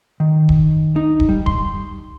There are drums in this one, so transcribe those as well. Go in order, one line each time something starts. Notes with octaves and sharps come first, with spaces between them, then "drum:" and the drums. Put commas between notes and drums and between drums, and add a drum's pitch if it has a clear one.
D#3
drum: kick
D#4
drum: kick
G3
C6, drum: kick